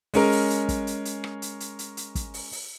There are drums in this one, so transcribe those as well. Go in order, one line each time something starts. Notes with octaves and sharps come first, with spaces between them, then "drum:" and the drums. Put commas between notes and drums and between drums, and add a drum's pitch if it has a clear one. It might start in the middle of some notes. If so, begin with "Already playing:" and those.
G#3 C#4 A#4, drum: open hi-hat
drum: open hi-hat
drum: hi-hat
drum: kick, hi-hat
drum: hi-hat
drum: hi-hat
drum: rim click
drum: hi-hat
drum: hi-hat
drum: hi-hat
drum: hi-hat
drum: kick, hi-hat
drum: open hi-hat
drum: open hi-hat